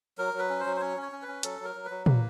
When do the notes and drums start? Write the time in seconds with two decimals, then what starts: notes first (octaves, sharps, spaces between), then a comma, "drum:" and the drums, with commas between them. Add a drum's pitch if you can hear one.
0.18 F#3 A#4
0.34 F#3
0.39 B4
0.49 C#4
0.60 C5
0.66 F#3
0.76 C5
0.81 C#4 C#5
0.97 C#4
1.02 C#5
1.12 C#4
1.22 B4
1.28 C#4
1.43 F#3 A4, drum: hi-hat
1.59 F#3
1.65 A#4
1.75 F#3
1.85 B4
1.90 F#3
2.06 A#3 B4, drum: tom